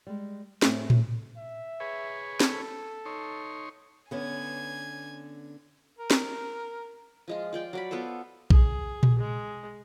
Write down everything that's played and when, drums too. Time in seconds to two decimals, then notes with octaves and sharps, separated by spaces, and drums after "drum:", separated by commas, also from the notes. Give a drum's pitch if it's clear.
0.07 G3 G#3
0.62 A2 A3 C4 C#4, drum: snare
0.90 drum: tom A2
1.37 E5
1.80 G#4 B4 C#5
2.40 A4, drum: snare
3.06 D#4 C#5 C6
4.11 D3 B3 C#4 G#5 G#6
5.99 A#4
6.11 drum: snare
7.28 F3 G#3 F4
7.53 F4 D5 G5
7.73 F#3 D5 B5
7.91 B3 F4 A4 C5
8.50 G#4, drum: kick
9.03 drum: tom A#2
9.19 G#3